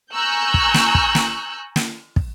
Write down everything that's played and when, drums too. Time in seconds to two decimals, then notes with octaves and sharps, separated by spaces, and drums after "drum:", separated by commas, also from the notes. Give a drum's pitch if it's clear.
0.13 G#5 A#5 C#6 E6 F#6 G6
0.54 drum: kick
0.74 drum: snare
0.95 drum: kick
1.15 drum: snare
1.76 drum: snare
2.16 drum: kick